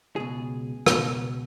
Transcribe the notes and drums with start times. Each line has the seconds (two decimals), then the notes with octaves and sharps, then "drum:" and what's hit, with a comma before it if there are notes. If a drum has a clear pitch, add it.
0.16 C#2 B2 G#4
0.86 C#2 B2, drum: rim click